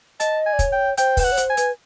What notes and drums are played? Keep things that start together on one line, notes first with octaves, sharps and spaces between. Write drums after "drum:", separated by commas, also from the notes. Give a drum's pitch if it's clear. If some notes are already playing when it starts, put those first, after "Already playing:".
D#5 A5, drum: hi-hat
G#5
D5
C#5, drum: kick, hi-hat
G5
C5 G5, drum: hi-hat
B4 G5, drum: kick, open hi-hat
F#5
C#5
C5, drum: hi-hat
G#5
B4, drum: hi-hat